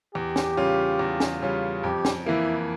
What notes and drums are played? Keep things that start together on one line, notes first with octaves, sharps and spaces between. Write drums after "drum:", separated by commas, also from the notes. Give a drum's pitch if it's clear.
E2 G4
drum: snare
C#3 G3 C#4 F4
E2
drum: snare
C#3 G3 C#4 F4
F2 G4
drum: snare
E3 A#3 E4